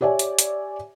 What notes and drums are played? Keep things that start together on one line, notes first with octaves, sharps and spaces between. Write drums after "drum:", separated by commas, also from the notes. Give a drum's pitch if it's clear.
G4 C#5 D5 E5 G#5
drum: hi-hat
drum: hi-hat